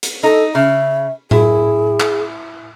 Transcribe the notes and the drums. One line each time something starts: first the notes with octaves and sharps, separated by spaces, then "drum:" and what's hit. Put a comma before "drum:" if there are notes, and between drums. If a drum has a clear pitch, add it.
drum: hi-hat
D#4 A4
C#3 E5
E4 G#4, drum: tom A2
drum: clap